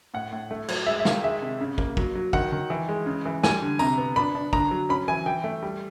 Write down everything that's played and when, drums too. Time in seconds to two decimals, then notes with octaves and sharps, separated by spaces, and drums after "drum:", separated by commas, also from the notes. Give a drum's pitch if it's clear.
0.14 A2 F#5
0.32 A2
0.51 A3
0.68 F#3, drum: cymbal
0.86 G#3 E5
1.00 E5
1.05 D#3 F5, drum: snare
1.23 G#3 E5
1.42 C3
1.61 C#3
1.78 A#3, drum: kick
1.97 F#3, drum: kick
2.15 F#3
2.33 D#3 F#5, drum: kick
2.52 D#3
2.70 E3
2.89 G#3
3.06 C#3
3.25 E3
3.43 G3 G#5, drum: snare
3.62 D3
3.79 C3 A#5, drum: tambourine
3.98 B3
4.16 D4 B5
4.35 D4
4.53 D3 A#5, drum: kick
4.71 F#3
4.89 C#4 B5
5.08 E3 G#5
5.26 E3 G5
5.44 A3
5.63 G3